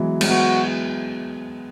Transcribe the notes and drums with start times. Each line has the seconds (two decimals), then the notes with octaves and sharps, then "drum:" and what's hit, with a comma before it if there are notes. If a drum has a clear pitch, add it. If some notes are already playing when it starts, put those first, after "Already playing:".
Already playing: E3 F#3 G#3 B3
0.21 G#3, drum: cymbal
0.29 F#3 B3 F#4